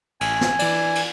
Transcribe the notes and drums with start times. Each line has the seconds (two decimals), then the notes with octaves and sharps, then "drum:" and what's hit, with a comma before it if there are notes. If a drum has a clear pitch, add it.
0.21 A1 G#5, drum: cymbal
0.41 drum: snare
0.59 E3 D5, drum: cymbal
0.95 drum: cymbal